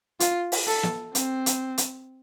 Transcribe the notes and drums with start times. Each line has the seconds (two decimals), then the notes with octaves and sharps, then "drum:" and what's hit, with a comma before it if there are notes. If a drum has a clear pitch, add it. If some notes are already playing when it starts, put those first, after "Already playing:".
0.20 F4, drum: hi-hat
0.52 drum: open hi-hat
0.67 A4
0.83 drum: snare
1.15 C4, drum: hi-hat
1.46 drum: hi-hat
1.78 drum: hi-hat